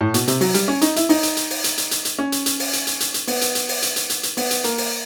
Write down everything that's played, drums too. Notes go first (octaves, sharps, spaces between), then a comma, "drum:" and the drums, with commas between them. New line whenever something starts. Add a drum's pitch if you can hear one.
A2
B2, drum: hi-hat
C3, drum: hi-hat
F#3, drum: open hi-hat
G3, drum: hi-hat
C#4
D#4, drum: hi-hat
E4, drum: hi-hat
D#4, drum: open hi-hat
drum: hi-hat
drum: hi-hat
drum: open hi-hat
drum: hi-hat
drum: hi-hat
drum: hi-hat
drum: hi-hat
C#4
drum: hi-hat
drum: hi-hat
drum: open hi-hat
drum: hi-hat
drum: hi-hat
drum: hi-hat
drum: hi-hat
B3, drum: open hi-hat
drum: hi-hat
drum: hi-hat
drum: open hi-hat
drum: hi-hat
drum: hi-hat
drum: hi-hat
drum: hi-hat
B3, drum: open hi-hat
drum: hi-hat
A#3, drum: hi-hat
drum: open hi-hat